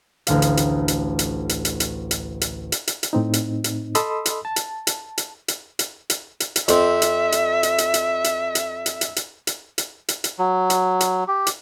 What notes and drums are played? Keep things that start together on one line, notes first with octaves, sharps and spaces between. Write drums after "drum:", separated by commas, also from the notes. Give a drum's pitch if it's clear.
A1 D2 A2 A3 F5 D#6, drum: hi-hat
drum: hi-hat
drum: hi-hat
drum: hi-hat
drum: hi-hat
drum: hi-hat
drum: hi-hat
drum: hi-hat
drum: hi-hat
drum: hi-hat
drum: hi-hat
drum: hi-hat
drum: hi-hat
A2 C4 D#4
drum: hi-hat
drum: hi-hat
A4 D#5 B5 C6 D#6 E6, drum: hi-hat
drum: hi-hat
A5
drum: hi-hat
drum: hi-hat
drum: hi-hat
drum: hi-hat
drum: hi-hat
drum: hi-hat
drum: hi-hat
drum: hi-hat
F2 C4 E5, drum: hi-hat
drum: hi-hat
drum: hi-hat
drum: hi-hat
drum: hi-hat
drum: hi-hat
drum: hi-hat
drum: hi-hat
drum: hi-hat
drum: hi-hat
drum: hi-hat
drum: hi-hat
drum: hi-hat
drum: hi-hat
drum: hi-hat
F#3
drum: hi-hat
drum: hi-hat
G4
drum: hi-hat